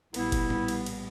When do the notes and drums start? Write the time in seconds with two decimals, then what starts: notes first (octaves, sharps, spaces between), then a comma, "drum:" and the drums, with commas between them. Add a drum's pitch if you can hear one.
0.14 A#1 A2 G3 B3 E4, drum: cymbal
0.32 drum: kick F#1, cymbal
0.50 drum: tom A2
0.68 drum: cymbal
0.86 drum: cymbal